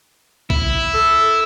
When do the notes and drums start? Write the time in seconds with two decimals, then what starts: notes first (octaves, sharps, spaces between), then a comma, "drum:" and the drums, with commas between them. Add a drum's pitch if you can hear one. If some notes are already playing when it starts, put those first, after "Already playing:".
0.50 E4, drum: kick
0.94 A4